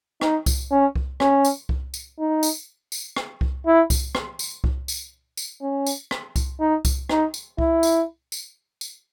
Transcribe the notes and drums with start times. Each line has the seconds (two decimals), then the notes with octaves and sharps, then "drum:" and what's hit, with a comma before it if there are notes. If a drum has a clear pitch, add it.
0.21 D#4, drum: rim click
0.46 drum: kick C2, tambourine
0.71 C#4
0.96 drum: kick C2
1.20 C#4, drum: rim click
1.45 drum: tambourine
1.69 drum: kick C2
1.94 drum: tambourine
2.19 D#4
2.43 drum: tambourine
2.92 drum: tambourine
3.16 drum: rim click
3.41 drum: kick C2
3.66 E4
3.90 drum: kick C2, tambourine
4.15 drum: rim click
4.39 drum: tambourine
4.64 drum: kick C2
4.88 drum: tambourine
5.37 drum: tambourine
5.62 C#4
5.87 drum: tambourine
6.11 drum: rim click
6.36 drum: kick C2, tambourine
6.60 D#4
6.85 drum: kick C2, tambourine
7.09 D#4, drum: rim click
7.34 drum: tambourine
7.58 E4, drum: kick C2
7.83 drum: tambourine
8.32 drum: tambourine
8.81 drum: tambourine